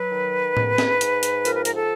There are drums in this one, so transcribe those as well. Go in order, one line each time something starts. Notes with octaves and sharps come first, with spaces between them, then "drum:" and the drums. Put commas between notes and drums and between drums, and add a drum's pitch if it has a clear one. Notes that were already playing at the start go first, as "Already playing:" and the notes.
Already playing: F#3 B4
D#3
G#2, drum: tom A2
drum: snare
G#2, drum: hi-hat
drum: hi-hat
F3 A#4, drum: hi-hat
B4
A#4, drum: hi-hat
A4